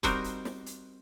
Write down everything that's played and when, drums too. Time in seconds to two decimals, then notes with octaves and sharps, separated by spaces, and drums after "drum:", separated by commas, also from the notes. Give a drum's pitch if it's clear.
0.03 G3 C4 D#4 F#4 A#4 C5, drum: kick, hi-hat
0.24 drum: hi-hat
0.45 drum: snare
0.66 drum: hi-hat